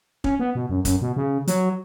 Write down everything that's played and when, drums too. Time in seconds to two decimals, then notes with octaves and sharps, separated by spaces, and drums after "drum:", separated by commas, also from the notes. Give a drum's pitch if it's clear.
0.24 C#4, drum: kick
0.39 B3
0.55 B2
0.69 F#2
0.85 F#2, drum: kick, hi-hat
1.01 B2
1.16 C#3
1.48 F#3, drum: hi-hat